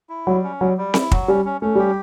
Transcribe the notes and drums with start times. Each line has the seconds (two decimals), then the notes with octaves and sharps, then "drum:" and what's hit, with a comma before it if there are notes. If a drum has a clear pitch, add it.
0.09 E4
0.27 F#3 G3
0.44 C#4
0.61 F#3 G3
0.78 G3
0.94 E4, drum: snare C4
1.11 F#3, drum: kick
1.28 G3 C#4
1.45 C#4
1.61 A3 C#4
1.75 G3 G4